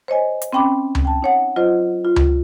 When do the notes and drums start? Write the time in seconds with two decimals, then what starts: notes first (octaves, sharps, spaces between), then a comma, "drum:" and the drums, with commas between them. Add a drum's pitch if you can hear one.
0.08 C5 C#5 D#5 G#5
0.42 drum: hi-hat
0.53 C4 C#4 G5 B5 D6
0.95 drum: tom C#2
1.05 G5 A5
1.22 D#4 C#5 F#5
1.56 F#3 F4 C5 D#5
2.05 F4
2.16 drum: tom C#2